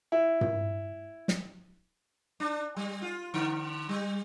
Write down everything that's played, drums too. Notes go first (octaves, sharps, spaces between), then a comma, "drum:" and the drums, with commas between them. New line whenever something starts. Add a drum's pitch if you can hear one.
E4
drum: tom
drum: snare
D4
G3
F4
D3
G3